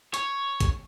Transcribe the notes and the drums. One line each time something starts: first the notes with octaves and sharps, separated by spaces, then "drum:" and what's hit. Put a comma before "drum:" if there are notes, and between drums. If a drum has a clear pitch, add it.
C#5, drum: hi-hat
drum: kick, hi-hat